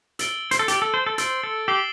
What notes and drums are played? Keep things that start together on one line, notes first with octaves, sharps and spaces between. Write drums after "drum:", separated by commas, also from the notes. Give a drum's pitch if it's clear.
E6 A6 D7 G7, drum: hi-hat
C5, drum: hi-hat
A4
G4 E6 A6 D7 G7, drum: hi-hat
A4
C5
A4
C5 E6 A6 D7 G7, drum: hi-hat
A4
G4 E6 C7 E7 G7